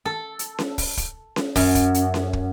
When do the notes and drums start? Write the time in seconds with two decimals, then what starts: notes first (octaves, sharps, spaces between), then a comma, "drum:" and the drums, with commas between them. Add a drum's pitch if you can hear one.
0.05 A4
0.39 drum: hi-hat
0.59 drum: snare C#4
0.78 drum: kick, open hi-hat
0.97 drum: kick, hi-hat
1.36 drum: snare C#4
1.56 F#2, drum: kick, open hi-hat
1.75 drum: kick, hi-hat
1.94 drum: hi-hat
2.14 drum: snare C#4
2.33 drum: kick